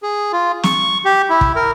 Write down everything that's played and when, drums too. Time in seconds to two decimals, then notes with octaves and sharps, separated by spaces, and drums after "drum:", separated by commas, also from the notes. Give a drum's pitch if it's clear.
0.03 G#4
0.32 F4
0.63 C#6, drum: snare
1.05 G4
1.30 E4
1.41 drum: kick
1.56 A#4